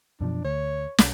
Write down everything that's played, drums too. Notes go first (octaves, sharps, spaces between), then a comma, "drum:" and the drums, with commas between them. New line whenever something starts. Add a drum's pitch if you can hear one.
F#2 B2 F3 D4
D2 C#5
B1, drum: snare